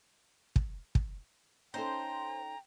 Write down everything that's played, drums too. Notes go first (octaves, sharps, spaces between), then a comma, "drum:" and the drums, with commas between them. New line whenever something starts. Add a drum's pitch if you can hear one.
drum: kick
drum: kick
C#4 D#4 A4 C5 G5 A#5